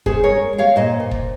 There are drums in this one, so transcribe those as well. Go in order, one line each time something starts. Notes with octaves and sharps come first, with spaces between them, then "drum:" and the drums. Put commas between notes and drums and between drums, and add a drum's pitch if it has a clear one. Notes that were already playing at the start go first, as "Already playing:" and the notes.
C#4 G#4 C5, drum: kick
A#4 C#5
G#3
G#3
C#5 F5
A#2 C5 D#5
A#2
drum: kick